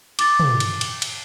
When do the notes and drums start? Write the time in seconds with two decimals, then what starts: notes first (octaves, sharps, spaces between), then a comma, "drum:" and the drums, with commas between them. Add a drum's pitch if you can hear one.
0.19 D6 A6, drum: cymbal
0.40 drum: tom
0.60 drum: cymbal
0.81 drum: cymbal
1.02 drum: cymbal